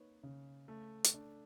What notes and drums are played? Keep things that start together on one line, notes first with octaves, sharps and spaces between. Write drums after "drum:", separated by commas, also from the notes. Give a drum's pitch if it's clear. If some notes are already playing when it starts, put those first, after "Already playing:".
Already playing: A#3 D#4 B4 C#5
C#3
A3
drum: hi-hat
D4